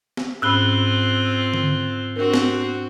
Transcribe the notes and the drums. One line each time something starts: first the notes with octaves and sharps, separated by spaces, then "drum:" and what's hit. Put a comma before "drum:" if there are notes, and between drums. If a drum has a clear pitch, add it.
drum: snare
G#2 C4 C#4 F4 B5 E6 F#6 G7
drum: tom D3
C4 D4 F#4 A#4
drum: snare